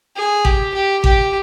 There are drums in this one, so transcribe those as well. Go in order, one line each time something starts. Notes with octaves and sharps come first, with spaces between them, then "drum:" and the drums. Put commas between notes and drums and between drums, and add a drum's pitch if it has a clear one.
G#4
G4, drum: kick G#1
G4
G4, drum: kick G#1